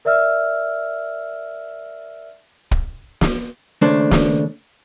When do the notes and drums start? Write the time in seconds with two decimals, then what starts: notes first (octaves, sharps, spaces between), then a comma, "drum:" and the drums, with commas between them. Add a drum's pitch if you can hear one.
0.05 A#4 D5 E5 E6 F6
2.71 drum: kick
3.21 drum: snare
3.82 D#2 C#3 A3 D4 C5
4.11 drum: snare